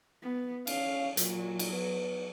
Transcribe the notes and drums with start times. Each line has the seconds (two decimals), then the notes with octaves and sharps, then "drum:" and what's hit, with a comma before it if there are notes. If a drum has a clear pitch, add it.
0.23 B3
0.67 C#4 F5, drum: cymbal
1.17 A#2 F#3, drum: hi-hat
1.59 drum: cymbal
1.72 B3